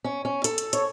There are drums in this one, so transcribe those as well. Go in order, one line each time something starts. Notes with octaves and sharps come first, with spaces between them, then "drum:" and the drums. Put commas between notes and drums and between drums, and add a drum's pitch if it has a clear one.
C#4
C#4
A4, drum: hi-hat
drum: hi-hat
C#5, drum: hi-hat